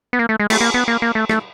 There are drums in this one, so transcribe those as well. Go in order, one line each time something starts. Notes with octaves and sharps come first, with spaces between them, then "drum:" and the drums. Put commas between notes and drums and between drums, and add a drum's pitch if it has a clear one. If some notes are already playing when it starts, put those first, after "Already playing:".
B3
A#3
A3
G#3
A3, drum: cymbal
A#3
B3
A#3
A#3
A3
A3, drum: rim click